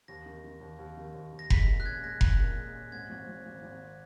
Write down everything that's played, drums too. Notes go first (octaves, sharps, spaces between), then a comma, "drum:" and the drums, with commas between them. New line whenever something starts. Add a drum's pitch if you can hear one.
D#2 A#6
D#3
D#3
D#2
D#2
D#3
D#2
D#2
A#6
G#3 B6, drum: kick F1
A#2
F#6
C#4 G#6
G#3 A#6
C#4, drum: kick F1
A#2
G#3
C#4
G#2 G#6
G#1
G#1
G#1
G#1